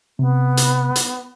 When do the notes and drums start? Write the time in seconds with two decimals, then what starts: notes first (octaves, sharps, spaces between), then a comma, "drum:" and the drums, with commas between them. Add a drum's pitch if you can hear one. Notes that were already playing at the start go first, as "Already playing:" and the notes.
0.19 C3 B3
0.57 drum: hi-hat
0.96 drum: hi-hat